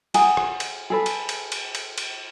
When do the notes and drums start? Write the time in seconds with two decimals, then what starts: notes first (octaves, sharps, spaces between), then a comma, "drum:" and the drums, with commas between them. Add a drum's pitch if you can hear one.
0.14 G#4 F#5 G#5 A#5, drum: cymbal
0.37 drum: rim click
0.60 drum: cymbal
0.90 G#4 A4 B4
1.06 drum: cymbal
1.29 drum: cymbal
1.52 drum: cymbal
1.75 drum: cymbal
1.98 drum: cymbal